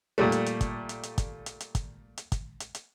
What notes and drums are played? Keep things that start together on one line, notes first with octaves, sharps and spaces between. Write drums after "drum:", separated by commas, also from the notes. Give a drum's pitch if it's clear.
A#2 G3 A3
drum: hi-hat
drum: hi-hat
drum: kick, hi-hat
drum: hi-hat
drum: hi-hat
drum: kick, hi-hat
drum: hi-hat
drum: hi-hat
drum: kick, hi-hat
drum: hi-hat
drum: kick, hi-hat
drum: hi-hat
drum: hi-hat